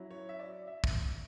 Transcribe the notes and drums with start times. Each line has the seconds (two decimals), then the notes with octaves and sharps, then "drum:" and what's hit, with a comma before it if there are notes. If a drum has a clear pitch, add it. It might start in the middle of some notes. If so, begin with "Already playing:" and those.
Already playing: F#3 C#4 E4
0.11 C#5
0.29 E5
0.39 D5
0.67 E5
0.84 drum: kick